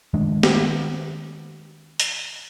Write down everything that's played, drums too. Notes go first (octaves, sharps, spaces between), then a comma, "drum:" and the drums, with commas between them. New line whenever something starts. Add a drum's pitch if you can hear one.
D#3 G#3 D4
drum: snare
drum: hi-hat